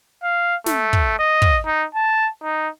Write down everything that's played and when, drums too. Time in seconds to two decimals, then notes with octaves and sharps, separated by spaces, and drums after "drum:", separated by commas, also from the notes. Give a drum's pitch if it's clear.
0.24 F5
0.66 A3, drum: snare
0.93 drum: kick
1.19 D#5
1.42 drum: kick
1.66 D#4
1.95 A5
2.43 D#4